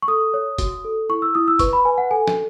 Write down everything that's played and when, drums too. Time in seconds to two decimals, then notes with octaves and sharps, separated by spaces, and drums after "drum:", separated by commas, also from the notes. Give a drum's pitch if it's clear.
0.02 C#6
0.08 A4 D#6
0.34 C#5
0.58 F#4, drum: kick F#1, hi-hat
0.85 A4
1.09 E4 C#6
1.22 E6
1.35 E4 D#6
1.48 E6
1.59 B4 C#6, drum: kick F#1, hi-hat
1.73 B5
1.85 B4 G#5
1.98 F#5
2.11 A4 G#5
2.27 drum: snare